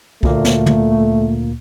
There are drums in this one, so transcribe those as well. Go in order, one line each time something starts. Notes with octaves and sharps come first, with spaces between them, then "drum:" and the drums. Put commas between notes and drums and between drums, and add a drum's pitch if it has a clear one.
D2 A#2 A3 A#3, drum: kick
drum: snare
drum: tom